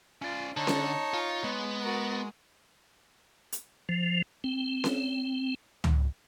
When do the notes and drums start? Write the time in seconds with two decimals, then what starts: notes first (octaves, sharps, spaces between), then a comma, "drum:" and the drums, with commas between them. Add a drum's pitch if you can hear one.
0.22 C#4 F4 D5
0.57 D3 D#4 C#5 A5
0.67 drum: snare C#4
1.14 F4
1.44 G#3 B3
1.81 F#4 A#4
3.52 drum: hi-hat
3.89 F3
4.44 C4
4.84 drum: snare C#4
5.84 drum: tom C#2